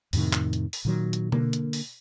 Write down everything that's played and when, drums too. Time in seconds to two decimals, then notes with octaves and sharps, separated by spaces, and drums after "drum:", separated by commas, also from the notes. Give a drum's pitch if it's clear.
0.13 F2 A2 C3 D#3, drum: open hi-hat
0.33 drum: clap
0.53 drum: hi-hat
0.73 drum: open hi-hat
0.85 A#2 D#3 F#3
1.13 drum: hi-hat
1.32 D3 A#3, drum: tom B2
1.53 drum: hi-hat
1.73 drum: open hi-hat